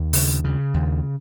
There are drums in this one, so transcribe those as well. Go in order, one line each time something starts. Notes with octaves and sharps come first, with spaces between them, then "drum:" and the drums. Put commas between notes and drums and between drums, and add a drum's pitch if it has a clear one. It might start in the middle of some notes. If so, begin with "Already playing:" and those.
Already playing: D#2
C#3, drum: open hi-hat
C#3
D#2